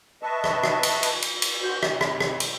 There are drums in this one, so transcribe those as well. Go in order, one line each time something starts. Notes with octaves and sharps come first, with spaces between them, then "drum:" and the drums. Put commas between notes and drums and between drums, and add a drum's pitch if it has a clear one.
B4 D#5 E5 A5 C#6
drum: rim click
drum: rim click
drum: cymbal
drum: cymbal
drum: cymbal
drum: cymbal
F#4 C5
C3, drum: rim click
drum: rim click
drum: rim click
drum: cymbal